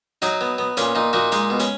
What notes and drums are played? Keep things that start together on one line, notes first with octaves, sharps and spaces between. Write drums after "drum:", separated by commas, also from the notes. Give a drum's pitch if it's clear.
F#3 D#4, drum: hi-hat
B3
B3
A#2 C#4, drum: hi-hat
A#2 D#4
A#2 D#4 F#4
G#3 D#4, drum: hi-hat
B2
C#4, drum: hi-hat